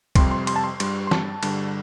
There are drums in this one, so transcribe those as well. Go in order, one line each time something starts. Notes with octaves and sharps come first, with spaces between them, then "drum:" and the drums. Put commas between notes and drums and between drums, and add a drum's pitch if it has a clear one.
F2 C3 G3 C6, drum: kick C2, cymbal
C6
C6, drum: cymbal
A5
C6
G2 G3, drum: cymbal
C6
A5, drum: snare
G2 D3 G3, drum: cymbal